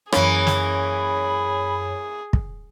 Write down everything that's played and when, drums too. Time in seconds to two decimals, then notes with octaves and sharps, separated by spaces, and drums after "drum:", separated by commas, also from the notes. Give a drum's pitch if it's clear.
0.12 F#2 E3 A#3 C#4 G#4 C#5 B5, drum: rim click
0.47 drum: snare
2.33 drum: kick